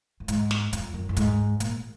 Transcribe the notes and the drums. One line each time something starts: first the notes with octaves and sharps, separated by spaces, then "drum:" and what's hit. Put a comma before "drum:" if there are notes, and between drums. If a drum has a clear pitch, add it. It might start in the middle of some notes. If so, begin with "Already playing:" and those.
F#2
G#2, drum: hi-hat
drum: snare
F2, drum: hi-hat
F#2
F#2
G#2, drum: kick, hi-hat
A#2, drum: hi-hat